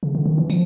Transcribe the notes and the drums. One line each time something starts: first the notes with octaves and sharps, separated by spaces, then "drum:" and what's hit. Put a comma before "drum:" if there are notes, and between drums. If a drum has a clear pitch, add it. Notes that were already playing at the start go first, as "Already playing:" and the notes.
C#3
D3
D#3
E3
F3, drum: tambourine